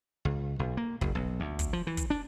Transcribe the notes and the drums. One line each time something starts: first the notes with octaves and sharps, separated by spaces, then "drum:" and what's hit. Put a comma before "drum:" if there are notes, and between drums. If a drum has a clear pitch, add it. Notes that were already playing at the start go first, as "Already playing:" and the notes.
C#2
B1
A#3
F#1, drum: kick
B1
D2
drum: kick, hi-hat
F3
E3
drum: kick, hi-hat
D4